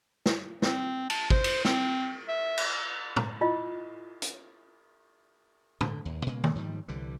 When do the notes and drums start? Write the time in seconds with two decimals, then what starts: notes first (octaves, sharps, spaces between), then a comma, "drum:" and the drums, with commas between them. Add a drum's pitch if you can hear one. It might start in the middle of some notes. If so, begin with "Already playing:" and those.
0.26 drum: snare
0.62 C4, drum: snare
1.10 A5, drum: cymbal
1.30 C5, drum: kick
1.44 drum: cymbal
1.65 C4, drum: snare
2.28 E5
2.58 drum: cymbal
3.16 drum: tom
3.41 E4 F4 D#5
4.22 drum: hi-hat
5.81 D3, drum: tom
6.05 D#2
6.26 A#2 C#3 G#3 A#3
6.44 drum: tom
6.55 G#2 D#3 F3 G3
6.88 C2 D3 E3 G3